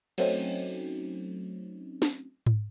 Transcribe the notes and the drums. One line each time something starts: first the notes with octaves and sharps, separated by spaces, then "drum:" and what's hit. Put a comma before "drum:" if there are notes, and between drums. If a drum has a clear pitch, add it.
F#3 A3 C4 C#4 D#4, drum: cymbal
drum: snare
drum: tom G#2